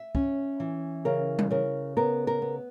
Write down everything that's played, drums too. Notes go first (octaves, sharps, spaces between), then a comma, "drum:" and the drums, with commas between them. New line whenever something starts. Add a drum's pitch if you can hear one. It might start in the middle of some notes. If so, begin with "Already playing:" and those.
Already playing: E5
C#4, drum: kick
E3
C#3 A#4
drum: tom G3
C#3 A#4
B3 A#4
A#4
B3